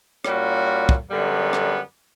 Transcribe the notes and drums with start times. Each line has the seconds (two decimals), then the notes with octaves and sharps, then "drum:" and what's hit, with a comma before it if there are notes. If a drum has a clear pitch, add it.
0.24 A#2 G3 C#4 F#4, drum: rim click
0.89 drum: kick
1.11 F#2 D3 G3 B3
1.53 drum: rim click